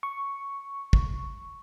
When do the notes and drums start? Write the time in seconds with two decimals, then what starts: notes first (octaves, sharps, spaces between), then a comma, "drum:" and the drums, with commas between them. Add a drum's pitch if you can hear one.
0.03 C#6
0.93 drum: kick